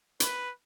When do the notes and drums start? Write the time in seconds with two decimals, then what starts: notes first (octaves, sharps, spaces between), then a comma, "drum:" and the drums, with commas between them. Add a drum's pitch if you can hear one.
0.20 B4, drum: hi-hat